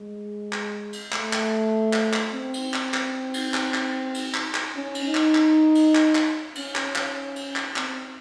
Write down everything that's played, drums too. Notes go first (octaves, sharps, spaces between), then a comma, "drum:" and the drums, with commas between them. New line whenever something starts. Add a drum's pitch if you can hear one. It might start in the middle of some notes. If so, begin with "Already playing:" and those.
Already playing: G#3
drum: clap
drum: cymbal
A3, drum: clap
drum: clap
drum: clap
drum: clap
C4
drum: cymbal
drum: clap
drum: clap
drum: cymbal
drum: clap
drum: clap
drum: cymbal
drum: clap
drum: clap
C#4
drum: cymbal
D#4
drum: clap
drum: clap
drum: cymbal
drum: clap
drum: clap
C#4, drum: cymbal
drum: clap
drum: clap
drum: cymbal
drum: clap
C4, drum: clap